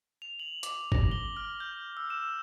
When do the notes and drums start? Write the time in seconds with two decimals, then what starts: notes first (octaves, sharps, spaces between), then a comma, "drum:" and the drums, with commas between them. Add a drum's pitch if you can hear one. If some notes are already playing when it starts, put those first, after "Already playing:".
0.22 F7
0.39 F#7
0.63 D6, drum: hi-hat
0.92 A#6, drum: kick G1
1.11 G7
1.37 F6
1.60 G6
1.97 E6
2.10 E7
2.23 E6